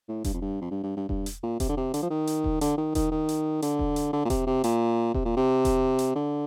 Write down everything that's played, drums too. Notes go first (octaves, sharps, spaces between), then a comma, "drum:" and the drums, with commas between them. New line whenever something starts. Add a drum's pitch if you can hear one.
A2
G2, drum: kick E1, hi-hat
F2
G2
F2
G2
G2
G2
G2, drum: kick E1
drum: hi-hat
A#2
C3, drum: kick E1, hi-hat
D3
C3
D3, drum: hi-hat
F3
D#3
drum: hi-hat
drum: kick E1
D3, drum: hi-hat
D#3
D#3, drum: kick E1, hi-hat
D#3
drum: hi-hat
D3, drum: hi-hat
drum: kick E1
drum: hi-hat
D3
A#2
C3, drum: kick E1, hi-hat
C3
A#2, drum: hi-hat
C3, drum: kick E1
A#2
C3
drum: kick E1, hi-hat
drum: hi-hat
D3